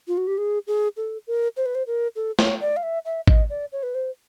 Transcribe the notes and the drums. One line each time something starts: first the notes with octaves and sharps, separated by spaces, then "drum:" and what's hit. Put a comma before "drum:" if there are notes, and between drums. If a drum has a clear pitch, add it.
F4
F#4
G4
G#4
G#4
A4
A#4
C5
B4
C5
A#4
A4
C#5, drum: snare
D5
F5
E5
E5
D#5, drum: kick
D5
C#5
B4
C5